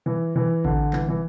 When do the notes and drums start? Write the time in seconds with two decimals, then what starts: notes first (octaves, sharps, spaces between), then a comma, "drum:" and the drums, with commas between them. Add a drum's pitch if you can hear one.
0.06 E3
0.36 E3
0.65 D3, drum: kick A1
0.93 E3, drum: clap
1.08 E3